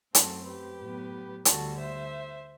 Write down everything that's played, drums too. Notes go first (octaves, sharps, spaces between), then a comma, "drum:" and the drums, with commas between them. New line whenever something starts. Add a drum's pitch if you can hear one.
F#2 F#3 A3 C4 F#4 A4, drum: hi-hat
G4 B4
A2 F#3 B3
D2 D3 G3 F#4 A4, drum: hi-hat
C5 E5